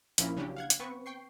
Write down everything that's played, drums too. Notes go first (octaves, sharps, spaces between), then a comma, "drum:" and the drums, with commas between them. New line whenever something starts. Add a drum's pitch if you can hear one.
A#1 F3 A#3 C#4 E4 B5, drum: hi-hat
C#3 F#3 C#4 D4 G4
F5 F#5 G#6
drum: hi-hat
B3 C4 B4 C#6
G5 C#6 C7